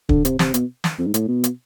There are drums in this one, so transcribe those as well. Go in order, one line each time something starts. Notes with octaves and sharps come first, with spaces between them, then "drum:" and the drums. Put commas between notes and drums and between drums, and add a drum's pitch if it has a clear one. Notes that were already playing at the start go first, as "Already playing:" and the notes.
D3, drum: kick
C3, drum: hi-hat
C3, drum: snare
B2, drum: hi-hat
drum: snare
F2
G#2
A2, drum: hi-hat
B2
drum: hi-hat